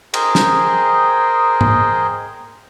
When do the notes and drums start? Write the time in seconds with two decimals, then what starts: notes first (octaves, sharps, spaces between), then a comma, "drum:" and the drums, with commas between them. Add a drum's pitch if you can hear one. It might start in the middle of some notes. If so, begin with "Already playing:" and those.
0.14 G#4 A#4 C5 D#5 G5, drum: cymbal
0.35 drum: snare
1.61 drum: tom G#2